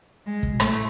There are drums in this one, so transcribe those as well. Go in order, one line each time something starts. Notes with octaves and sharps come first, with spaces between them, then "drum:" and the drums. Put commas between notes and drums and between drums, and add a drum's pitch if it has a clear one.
G#3
drum: kick
B2
A2 A3, drum: rim click